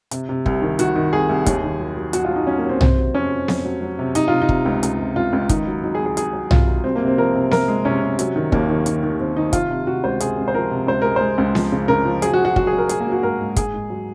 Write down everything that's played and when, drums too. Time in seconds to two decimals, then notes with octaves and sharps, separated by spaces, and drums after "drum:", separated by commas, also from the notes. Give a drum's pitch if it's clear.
0.11 C3, drum: hi-hat
0.29 C3
0.46 C2, drum: kick
0.62 D#3
0.79 D#3 F#4, drum: hi-hat
0.96 D#3
1.13 C2 G#4
1.29 C2
1.46 D#2, drum: kick, hi-hat
1.63 D#3
1.80 F#3
1.97 F#3
2.13 F#3 F#4, drum: hi-hat
2.25 F4
2.31 F#3
2.36 D#4
2.47 F#3 C#4
2.58 A#3
2.64 F#3
2.69 C4
2.81 C3 C4, drum: tom
2.98 F#3
3.15 F2 C#4
3.31 F2
3.48 F2, drum: snare B3
3.65 F#3
3.82 F#3
3.99 C3
4.15 C3 D#4, drum: hi-hat
4.28 C3 F4
4.42 D#4
4.49 C3, drum: kick
4.66 C#2
4.83 C#2, drum: hi-hat
4.99 C3
5.16 C#2 F4
5.33 C#2
5.49 D#3 D#4, drum: kick, hi-hat
5.67 F#3
5.83 F#3 D#4
5.95 G#4
6.00 C2
6.06 G#4
6.17 F#3 G#4, drum: hi-hat
6.33 F#3
6.51 C3 F4, drum: tom
6.68 F#3
6.84 C2 C4
6.95 A#3
7.02 C3
7.07 C4
7.18 F3 A#4
7.35 C3
7.51 C3 A#4, drum: snare B3
7.68 G#3
7.85 C3 C#4
8.02 C3
8.19 F#3, drum: hi-hat
8.36 D#3
8.52 D#2 A#3, drum: kick
8.69 D#3
8.86 D#3, drum: hi-hat
9.03 D#3
9.20 D#3 C4
9.37 D#3 D#4
9.53 C3 F4, drum: kick, hi-hat
9.71 C3
9.87 C3 F#4
10.04 C#2 C5
10.20 C3 G#4, drum: hi-hat
10.38 C#2
10.48 C5
10.55 F3 A#4
10.71 C3
10.87 C#2 C5
11.02 G#3 A#4
11.16 G#3 C5
11.38 C#2
11.55 F3, drum: snare B3
11.72 C#3
11.88 C#3 A#4
12.05 F3
12.22 F#3 G#4, drum: hi-hat
12.33 F#4
12.39 F#3
12.45 F#4
12.56 F#3 F#4, drum: kick
12.67 G#4
12.73 F#3
12.78 A#4
12.89 F#3 G#4, drum: hi-hat
13.00 A#3
13.07 F#3
13.12 F#4
13.23 G#2 A#4
13.40 G#2
13.56 G#2 G#4, drum: kick, hi-hat
13.74 G#2
13.90 F#3